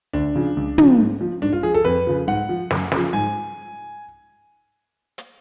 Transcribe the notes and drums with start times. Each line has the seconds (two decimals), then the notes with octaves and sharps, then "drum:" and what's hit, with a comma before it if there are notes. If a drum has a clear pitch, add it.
0.13 D2 D4
0.35 C#3 F3
0.57 C#2
0.78 C#3 F3, drum: tom
1.00 G#2
1.21 F3
1.42 G#2 D4
1.53 F4
1.63 F3 G#4
1.74 A4
1.85 F2 B4
2.07 C#3 F3
2.28 G#2 F#5
2.49 F3
2.71 F#2, drum: snare
2.92 C#3, drum: snare
2.97 F3
3.13 G#2 G#5
5.18 drum: hi-hat